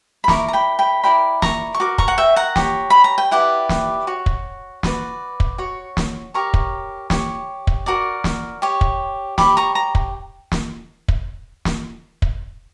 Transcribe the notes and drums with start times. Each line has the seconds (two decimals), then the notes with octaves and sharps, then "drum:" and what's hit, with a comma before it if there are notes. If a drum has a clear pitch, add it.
0.24 B5
0.28 E4 A#4 D5 A#5 C#6, drum: snare
0.48 A#5
0.53 G5 B5
0.79 G5 B5
1.04 E4 A#4 D5 G5 B5
1.42 A#5 C#6, drum: snare
1.75 C#6
1.80 F#4 A#4 D6
1.98 A#5 C#6, drum: kick
2.08 F#5
2.18 E5 G5
2.36 F#5 A#5
2.56 G4 C#5, drum: snare
2.90 B5
3.04 A#5
3.18 G5
3.31 E4 G4 B4 D5 F#5
3.69 drum: snare
4.07 F#4 C#5
4.26 drum: kick
4.83 F#4 B4 D5, drum: snare
5.40 drum: kick
5.58 F#4 C#5
5.97 drum: snare
6.34 G4 A#4 C#5 A#5 C#6
6.54 drum: kick
7.10 G4 C#5, drum: snare
7.67 drum: kick
7.86 F#4 A#4 D5
8.24 drum: snare
8.62 G4 C#5
8.81 drum: kick
9.38 G4 C#5 B5 D6, drum: snare
9.57 A#5 C#6
9.75 A#5
9.95 drum: kick
10.52 drum: snare
11.08 drum: kick
11.65 drum: snare
12.22 drum: kick